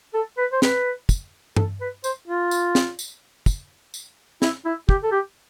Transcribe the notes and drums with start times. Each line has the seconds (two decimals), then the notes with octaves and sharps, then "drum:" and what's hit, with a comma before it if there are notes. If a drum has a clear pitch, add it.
0.14 A4
0.38 B4
0.52 C5
0.62 B4, drum: snare
1.09 drum: kick, tambourine
1.56 A4, drum: tom G2
1.81 B4
2.04 C5, drum: tambourine
2.28 F4
2.51 drum: tambourine
2.75 drum: snare
2.99 drum: tambourine
3.46 drum: kick, tambourine
3.94 drum: tambourine
4.42 E4, drum: snare
4.66 E4
4.89 G4, drum: kick
5.03 A4
5.12 G4